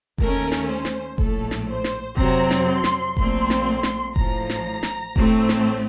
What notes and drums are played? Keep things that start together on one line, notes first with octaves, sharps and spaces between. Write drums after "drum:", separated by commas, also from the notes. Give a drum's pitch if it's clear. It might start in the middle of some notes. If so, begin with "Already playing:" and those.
D#2 D#3 A3 C#4 A#4, drum: kick F1
drum: snare
C5
drum: snare
A#1 A2 A3 A4, drum: kick F1
drum: snare
C5
drum: snare
F2 C3 F#3 C4 A#5, drum: kick F1
drum: snare
C6
drum: snare
A#1 A#2 A3 C4 C6, drum: kick F1
drum: snare
drum: snare
A1 A2 F3 A#5, drum: kick F1
drum: snare
drum: snare
A1 A2 A3 C4, drum: kick F1
drum: snare